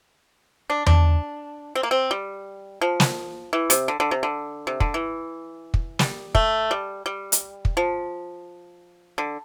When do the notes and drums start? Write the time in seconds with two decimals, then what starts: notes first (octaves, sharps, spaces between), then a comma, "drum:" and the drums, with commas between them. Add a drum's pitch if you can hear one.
0.70 D4
0.86 D4, drum: tom E2
1.75 C4
1.83 A#3
1.91 C4
2.11 G3
2.81 F3
3.00 drum: snare
3.53 E3
3.70 C3, drum: hi-hat
3.88 D3
4.00 D3
4.11 C3
4.23 D3
4.67 C3
4.80 D3, drum: kick
4.94 E3
5.74 drum: kick
5.99 G3, drum: snare
6.35 A3, drum: kick
6.71 G3
7.06 G3
7.32 drum: hi-hat
7.65 drum: kick
7.77 F3
9.18 D3